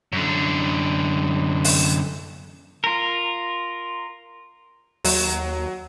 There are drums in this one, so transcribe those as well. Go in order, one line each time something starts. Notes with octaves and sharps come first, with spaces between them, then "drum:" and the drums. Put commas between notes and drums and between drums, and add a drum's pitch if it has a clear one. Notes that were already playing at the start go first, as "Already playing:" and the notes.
F#2 D3
drum: open hi-hat
F4 A#4
D#2 F#3, drum: open hi-hat